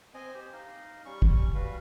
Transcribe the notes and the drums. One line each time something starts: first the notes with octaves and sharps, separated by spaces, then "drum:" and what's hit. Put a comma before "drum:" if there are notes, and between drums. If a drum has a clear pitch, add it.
C4 D#5 G#5
G4 C5
D#4 F5
G3 C#4 C#6
drum: kick
G3 F#4 B4 F5